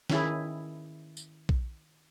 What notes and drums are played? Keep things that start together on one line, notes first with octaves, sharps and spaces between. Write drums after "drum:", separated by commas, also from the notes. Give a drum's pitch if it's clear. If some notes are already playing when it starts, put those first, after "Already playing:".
D#3 C#4 E4 G#4, drum: snare
drum: tambourine
drum: kick